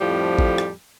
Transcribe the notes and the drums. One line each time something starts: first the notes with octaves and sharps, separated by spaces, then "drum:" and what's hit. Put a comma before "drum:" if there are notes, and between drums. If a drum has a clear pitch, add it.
F2 A2 F3 G3
drum: kick
drum: rim click